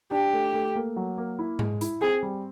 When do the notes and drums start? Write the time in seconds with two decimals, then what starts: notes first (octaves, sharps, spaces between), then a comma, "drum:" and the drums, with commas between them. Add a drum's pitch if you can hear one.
0.11 D4 G4
0.33 A3
0.54 A3
0.75 A#3
0.96 F#3
1.18 A#3
1.39 E4
1.59 G#3, drum: tom G#2
1.81 E4, drum: hi-hat
2.02 C4 G#4
2.23 G3